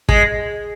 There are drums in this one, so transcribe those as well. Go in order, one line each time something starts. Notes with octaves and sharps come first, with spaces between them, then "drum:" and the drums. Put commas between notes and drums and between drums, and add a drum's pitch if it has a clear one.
G#3, drum: kick